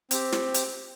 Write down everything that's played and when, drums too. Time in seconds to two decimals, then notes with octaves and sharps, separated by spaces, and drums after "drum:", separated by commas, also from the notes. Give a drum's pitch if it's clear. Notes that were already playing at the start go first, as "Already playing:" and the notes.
0.11 C4 G4, drum: hi-hat
0.32 drum: snare
0.54 drum: hi-hat